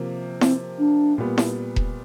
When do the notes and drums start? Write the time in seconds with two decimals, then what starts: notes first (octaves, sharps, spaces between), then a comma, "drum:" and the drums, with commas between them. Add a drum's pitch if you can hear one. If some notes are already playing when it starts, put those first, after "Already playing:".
Already playing: C3 F3 A#3
0.41 C4, drum: snare E4
0.79 D4
1.18 A#2 G3 B3
1.38 drum: snare E4
1.76 drum: kick E1